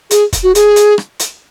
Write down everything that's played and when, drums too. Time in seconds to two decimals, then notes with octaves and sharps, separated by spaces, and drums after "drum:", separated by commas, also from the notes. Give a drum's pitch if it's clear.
0.11 G#4, drum: hi-hat
0.33 drum: kick, hi-hat
0.43 F#4
0.55 G#4, drum: hi-hat
0.76 drum: hi-hat
0.98 drum: rim click
1.19 drum: hi-hat